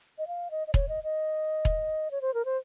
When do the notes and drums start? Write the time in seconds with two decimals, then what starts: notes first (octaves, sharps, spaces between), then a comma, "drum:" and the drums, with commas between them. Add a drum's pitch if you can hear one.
0.18 D#5
0.28 F5
0.51 D#5
0.67 D#5
0.74 C#5, drum: kick E1
0.89 D#5
1.04 D#5
1.65 drum: kick E1
2.11 C#5
2.22 C5
2.34 A#4
2.45 C5